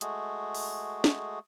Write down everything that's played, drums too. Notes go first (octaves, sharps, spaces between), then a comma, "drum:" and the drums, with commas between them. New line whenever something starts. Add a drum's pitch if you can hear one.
G#3 A3 F#4 G#4, drum: hi-hat
drum: open hi-hat
drum: snare